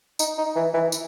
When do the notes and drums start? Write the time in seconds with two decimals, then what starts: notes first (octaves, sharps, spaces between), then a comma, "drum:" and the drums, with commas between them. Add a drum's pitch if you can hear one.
0.19 D#4, drum: tambourine
0.38 D#4
0.56 E3
0.74 E3
0.92 drum: tambourine